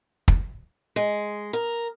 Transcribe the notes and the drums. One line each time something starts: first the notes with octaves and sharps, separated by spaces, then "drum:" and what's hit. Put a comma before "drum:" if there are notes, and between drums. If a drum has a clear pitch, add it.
drum: kick
G#3
A#4